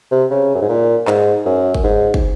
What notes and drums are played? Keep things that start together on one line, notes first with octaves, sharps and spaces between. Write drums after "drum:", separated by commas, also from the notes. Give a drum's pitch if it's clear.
C3
C#3
F#2
G#2
A#2
G#2, drum: clap
F#2
drum: kick
G#2
drum: kick